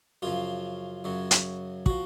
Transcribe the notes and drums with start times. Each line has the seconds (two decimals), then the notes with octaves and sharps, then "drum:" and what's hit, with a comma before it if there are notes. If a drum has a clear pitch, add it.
0.22 F#2 C#3 F3 F4
1.04 F#2 C#3 F#3
1.31 drum: hi-hat
1.86 F3 F#4, drum: kick